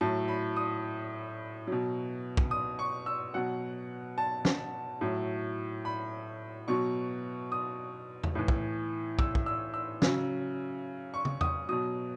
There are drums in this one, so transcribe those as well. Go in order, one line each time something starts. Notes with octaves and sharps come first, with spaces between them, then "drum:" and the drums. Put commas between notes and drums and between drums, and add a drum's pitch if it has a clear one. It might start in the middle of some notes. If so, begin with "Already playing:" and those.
A2 F#3 A5
B5
D#6
B2 F#3
drum: kick
D#6
C#6
E6
B2 F#3 F#5
A5
drum: snare
A2 F#3
B5
B2 F#3 C#6
D#6
drum: tom E2
A2 E3
drum: kick
E6, drum: kick
drum: kick
E6
E6
C#3 F#3, drum: snare
C#6
drum: tom
D#6, drum: tom E2
B2 F#3 D#6